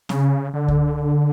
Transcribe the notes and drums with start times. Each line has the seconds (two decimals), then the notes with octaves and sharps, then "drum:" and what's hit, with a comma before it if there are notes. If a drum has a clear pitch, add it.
0.09 C#3, drum: snare C4
0.53 D3
0.68 drum: kick C#2